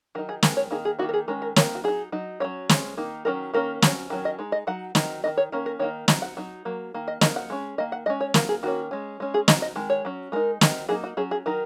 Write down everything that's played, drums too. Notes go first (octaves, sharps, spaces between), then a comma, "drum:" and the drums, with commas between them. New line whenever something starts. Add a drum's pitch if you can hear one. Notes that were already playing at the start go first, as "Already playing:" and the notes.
D#3 F#3 D#4 A#4
G#4
D#3 G#3, drum: snare
C#5
D#3 A#3 D#4 G#4
G#4
D#3 F#3 A#3 D#4 F#4
A#4
G#4
D#3 G#3 C#4 A#4
A#4
D#3 A#3 D#4 C#5, drum: snare
F#4
F#3 D#4 G#4
F#3 D#4
F#3 A#3 C#4 C#5
G#3 C#4, drum: snare
D#3 A#3 D#4
D#3 F#3 C#4 A#4
D#3 A#3 C#4 A#4
F#3 C#4, drum: snare
D#3 F#3 C#4
D#5
G#3 D#4
D#5
F#3 D#4 F#5
D#3 F#3 D#4, drum: snare
D#3 A#3 D#4 D#5
C#5
D#3 A#3 C#4 A#4
A#4
D#3 A#3 D#4 C#5
F#3 D#4 D#5, drum: snare
F#5
F#3 D#4
F#3 A#3
D#3 A#3
D#5
F#3 A#3 D#4 D#5, drum: snare
F#5
G#3 C#4
D#3 A#3 D#5
F#5
G#3 C#4 D#5
C#5
F#3 A#3 D#4 A#4, drum: snare
G#4
D#3 A#3 C#4 F#4
G#3 C#4
G#3 C#4
G#4
F#3 D#4 D#5, drum: snare
D#5
D#3 G#3
C#5
F#3 C#4
G#3 D#4 A#4
D#3 F#3 D#4, drum: snare
F#3 A#3 D#4 G#4
F#4
F#3 C#4 G#4
G#4
D#3 F#3 D#4 A#4